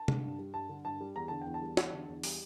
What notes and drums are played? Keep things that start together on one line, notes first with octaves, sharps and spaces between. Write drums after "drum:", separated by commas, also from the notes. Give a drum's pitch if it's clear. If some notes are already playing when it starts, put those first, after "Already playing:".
Already playing: A5
D3, drum: tom C3
G2
G3
G2 A5
D3
G2 A5
G3
E2 A#5
D3 A5
E2 G5
A5
G3
E2, drum: snare
D3
E2
G3, drum: open hi-hat